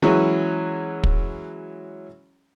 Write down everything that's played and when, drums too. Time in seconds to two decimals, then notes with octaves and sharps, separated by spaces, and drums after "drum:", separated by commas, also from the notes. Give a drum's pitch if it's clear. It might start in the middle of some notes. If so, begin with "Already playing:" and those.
0.02 E3 F#3 G#3 C#4
1.04 drum: kick